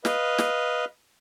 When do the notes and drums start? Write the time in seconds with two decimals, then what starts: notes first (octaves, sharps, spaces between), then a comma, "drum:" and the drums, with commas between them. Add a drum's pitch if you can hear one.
0.05 B4 D#5 F5, drum: snare
0.38 drum: snare